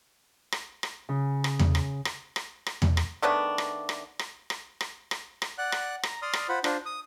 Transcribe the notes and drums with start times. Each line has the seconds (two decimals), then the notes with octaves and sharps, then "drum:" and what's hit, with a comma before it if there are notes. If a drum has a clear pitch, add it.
0.52 drum: rim click
0.83 drum: rim click
1.09 C#3
1.44 drum: rim click
1.59 drum: tom E2
1.75 drum: rim click
2.05 drum: rim click
2.36 drum: rim click
2.66 drum: rim click
2.82 drum: tom E2
2.97 drum: rim click
3.22 D#3 A3 B3 D4
3.58 drum: rim click
3.89 drum: rim click
4.19 drum: rim click
4.50 drum: rim click
4.81 drum: rim click
5.11 drum: rim click
5.42 drum: rim click
5.58 D5 F#5 F#6
5.72 drum: rim click
6.03 A#5, drum: rim click
6.22 D5 C6 D#6 F6
6.33 drum: rim click
6.49 F4 C5 F#5 B5
6.64 D4 F4 C5, drum: rim click
6.86 D#6